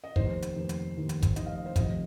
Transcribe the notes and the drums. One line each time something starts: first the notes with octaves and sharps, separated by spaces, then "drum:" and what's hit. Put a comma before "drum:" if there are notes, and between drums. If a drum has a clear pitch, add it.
D#5
F1 D#2 D#3 C5, drum: kick
drum: hi-hat
F1 D#2 D#3
drum: hi-hat
F1 D#2 D#3
drum: hi-hat
drum: kick, hi-hat
F1 D#2 D#3 D#5, drum: hi-hat
F5
D#5
C5
F1 F2 C3 D#3 D#5, drum: kick, hi-hat